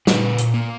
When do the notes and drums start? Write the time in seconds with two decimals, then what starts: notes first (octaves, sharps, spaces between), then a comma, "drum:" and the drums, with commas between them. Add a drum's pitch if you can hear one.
0.07 A#2 B4, drum: snare
0.38 drum: hi-hat
0.54 A#3